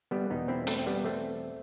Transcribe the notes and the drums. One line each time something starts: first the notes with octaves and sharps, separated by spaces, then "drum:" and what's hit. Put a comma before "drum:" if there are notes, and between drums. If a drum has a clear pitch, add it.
G3 B3
E2 B2 B3 D#4
C4 E4
A3 C4, drum: open hi-hat
C4
G3 B3
A3 C4